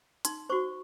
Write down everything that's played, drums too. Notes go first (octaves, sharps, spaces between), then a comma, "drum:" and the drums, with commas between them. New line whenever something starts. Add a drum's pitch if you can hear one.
D#4 C6, drum: hi-hat
F#4 C5 C#6